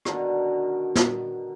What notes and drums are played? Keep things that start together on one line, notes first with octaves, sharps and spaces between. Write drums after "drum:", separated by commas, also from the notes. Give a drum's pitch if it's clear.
B2 D3 D#3 A#4, drum: rim click
drum: snare